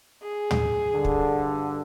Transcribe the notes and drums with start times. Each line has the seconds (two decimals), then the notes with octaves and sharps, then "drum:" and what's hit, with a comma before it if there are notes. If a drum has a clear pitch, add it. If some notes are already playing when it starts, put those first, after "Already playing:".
0.24 G#4
0.51 drum: tom
0.94 G2 D3
1.05 drum: kick